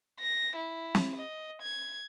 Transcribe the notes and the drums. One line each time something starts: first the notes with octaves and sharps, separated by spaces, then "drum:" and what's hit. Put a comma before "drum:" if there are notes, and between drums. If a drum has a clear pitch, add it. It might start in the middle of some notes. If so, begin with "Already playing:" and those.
A#6
E4
drum: snare
D#5
G#6